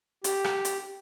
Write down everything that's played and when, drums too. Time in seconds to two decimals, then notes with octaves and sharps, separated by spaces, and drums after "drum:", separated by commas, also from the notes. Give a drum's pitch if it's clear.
0.24 G4, drum: hi-hat
0.44 drum: rim click
0.65 drum: hi-hat